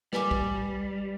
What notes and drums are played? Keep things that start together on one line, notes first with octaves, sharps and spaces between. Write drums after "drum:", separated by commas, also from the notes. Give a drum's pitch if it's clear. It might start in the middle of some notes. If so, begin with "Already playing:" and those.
G3 B4 G#5 D6, drum: snare
drum: kick